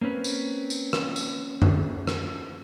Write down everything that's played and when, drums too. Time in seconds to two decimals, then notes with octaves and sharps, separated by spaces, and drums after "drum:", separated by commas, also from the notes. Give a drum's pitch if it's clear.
0.01 A#3 C4 C#4 B4
0.24 drum: tambourine
0.70 drum: tambourine
0.93 drum: rim click
1.16 drum: tambourine
1.62 drum: tom F#2
2.07 drum: rim click